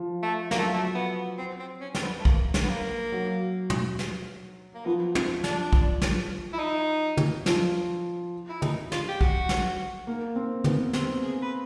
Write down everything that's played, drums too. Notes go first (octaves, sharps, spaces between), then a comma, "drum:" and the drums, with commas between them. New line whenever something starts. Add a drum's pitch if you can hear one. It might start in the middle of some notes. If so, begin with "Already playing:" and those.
Already playing: F3
A3
F#3 A#3, drum: snare
A3
A3
B3
C4
C4
C#4
C4, drum: snare
B3
A3
A#3, drum: kick
drum: snare
B3
A#3
F#3
drum: tom
drum: snare
A#3
F3 B3
C4, drum: tom
D4, drum: snare
drum: kick
drum: snare
E4
D#4
drum: tom
F3, drum: snare
E4
D#4, drum: tom
F4, drum: snare
G4
F#4, drum: kick
drum: snare
A#3
C4
B3, drum: tom
C4 G4, drum: snare
G#4
B4